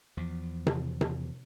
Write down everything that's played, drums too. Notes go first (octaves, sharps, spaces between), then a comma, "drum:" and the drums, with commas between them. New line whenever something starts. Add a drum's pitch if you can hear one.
E2 F3
drum: tom C3
drum: tom C3